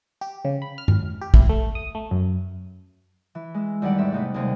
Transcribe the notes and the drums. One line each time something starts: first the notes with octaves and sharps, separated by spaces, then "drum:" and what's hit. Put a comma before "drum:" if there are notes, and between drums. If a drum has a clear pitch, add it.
G4
C#3
B5
F6
drum: tom G2
G4
E4, drum: kick
A3
D#6
A3
F#2
E3
G#3 E6
E2 D#3 G3 D5 F#5 D6
G#2 C4 E5
C3 A3 B3 D#4
D#2 C3 G3 G#3